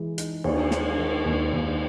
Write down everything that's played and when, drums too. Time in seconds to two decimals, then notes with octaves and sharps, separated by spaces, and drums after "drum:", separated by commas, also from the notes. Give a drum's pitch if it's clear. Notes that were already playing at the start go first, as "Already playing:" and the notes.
Already playing: E3 G#3 G#4
0.18 D#4, drum: hi-hat
0.44 D#2, drum: cymbal
0.71 G#3, drum: snare
0.98 D#3
1.25 D#2
1.53 D#2